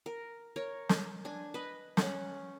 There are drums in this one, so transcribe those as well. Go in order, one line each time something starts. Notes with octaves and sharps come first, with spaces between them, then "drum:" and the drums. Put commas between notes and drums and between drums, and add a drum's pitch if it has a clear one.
A#4
A#4 C#5
drum: snare
D4 G#5
B4 D#5
C#4 F#5, drum: snare